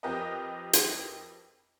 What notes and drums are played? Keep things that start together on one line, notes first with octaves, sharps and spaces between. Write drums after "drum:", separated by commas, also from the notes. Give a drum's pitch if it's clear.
F2 C4 G4 A#4 B4 D#5
drum: hi-hat